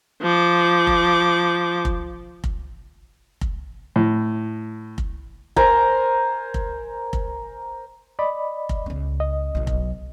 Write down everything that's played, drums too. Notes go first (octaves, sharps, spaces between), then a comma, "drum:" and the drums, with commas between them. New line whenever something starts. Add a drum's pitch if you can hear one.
F3 D6
drum: kick F1
drum: kick F1
drum: kick F1
drum: kick F1
A2
drum: kick F1
A#4 C5 G#5 A#5, drum: kick F1
drum: kick F1
drum: kick F1
D5 D#5 B5
drum: kick F1
C#2 C#4
D#5
B1 F#3
drum: kick F1